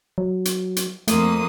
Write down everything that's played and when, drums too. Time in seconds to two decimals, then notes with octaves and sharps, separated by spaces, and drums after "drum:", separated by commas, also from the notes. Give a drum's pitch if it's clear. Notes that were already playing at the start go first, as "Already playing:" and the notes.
0.18 F#3
0.45 drum: hi-hat
0.76 drum: hi-hat
1.08 F2 A3 A#3 D#6, drum: hi-hat